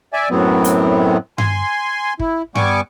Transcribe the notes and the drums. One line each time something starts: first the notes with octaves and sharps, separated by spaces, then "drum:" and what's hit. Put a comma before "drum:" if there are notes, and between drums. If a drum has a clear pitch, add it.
D5 E5 G#5
F#2 A2 F#3 B3 C4
drum: hi-hat
G#5 C6, drum: tom G2
E4, drum: kick
G3 B3 G#5 C#6 D6, drum: tom G2